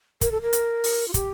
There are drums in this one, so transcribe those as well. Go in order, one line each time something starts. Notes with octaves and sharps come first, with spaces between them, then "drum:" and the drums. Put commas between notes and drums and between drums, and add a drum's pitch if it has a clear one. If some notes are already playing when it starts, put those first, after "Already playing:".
A#4, drum: kick, hi-hat
A4
A#4
drum: hi-hat
drum: open hi-hat
F4
G4, drum: kick, hi-hat